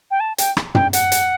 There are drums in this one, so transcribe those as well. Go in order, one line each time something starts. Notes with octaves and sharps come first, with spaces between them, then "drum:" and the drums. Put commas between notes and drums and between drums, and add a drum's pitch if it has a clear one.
G5
A5
G5, drum: hi-hat
drum: rim click
G5, drum: tom
F#5, drum: hi-hat
drum: hi-hat